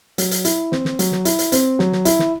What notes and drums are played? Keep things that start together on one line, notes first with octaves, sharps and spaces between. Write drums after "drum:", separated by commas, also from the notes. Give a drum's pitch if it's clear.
F#3, drum: hi-hat
drum: hi-hat
E4, drum: hi-hat
C4, drum: snare
drum: snare
F#3, drum: hi-hat
drum: snare
E4, drum: hi-hat
drum: hi-hat
C4, drum: hi-hat
F#3, drum: snare
drum: snare
E4, drum: hi-hat
drum: snare